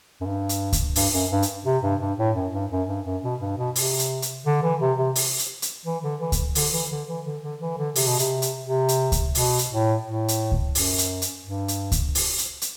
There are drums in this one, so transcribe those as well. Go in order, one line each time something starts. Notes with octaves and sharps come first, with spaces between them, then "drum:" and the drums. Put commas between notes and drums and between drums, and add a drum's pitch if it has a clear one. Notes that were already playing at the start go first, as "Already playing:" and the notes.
F#2
G2
drum: hi-hat
drum: kick C#2, hi-hat
G2, drum: open hi-hat
F#2
G2
drum: hi-hat
C3
G2
G2
A2
F#2
G2
F#2
G2
F#2
B2
G2
B2
C3, drum: open hi-hat
drum: hi-hat
drum: hi-hat
D3
E3
C3
C3
drum: open hi-hat
drum: hi-hat
drum: hi-hat
E3
D3
E3
drum: kick C#2, hi-hat
D3, drum: open hi-hat
E3
D3
E3
D3
D3
E3
D3
C3, drum: open hi-hat
B2
C3, drum: hi-hat
drum: hi-hat
C3
drum: hi-hat
drum: kick C#2, hi-hat
B2, drum: open hi-hat
drum: hi-hat
A2
A2
drum: hi-hat
drum: kick C#2
F#2, drum: open hi-hat
drum: hi-hat
drum: hi-hat
G2
drum: hi-hat
drum: kick C#2, hi-hat
drum: open hi-hat
drum: hi-hat
drum: hi-hat